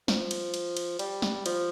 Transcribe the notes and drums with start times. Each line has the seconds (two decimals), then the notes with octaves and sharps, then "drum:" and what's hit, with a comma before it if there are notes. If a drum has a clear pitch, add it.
0.08 F3, drum: snare
0.31 drum: cymbal
0.54 drum: cymbal
0.77 drum: cymbal
0.99 G3, drum: cymbal
1.22 drum: snare
1.46 F3, drum: cymbal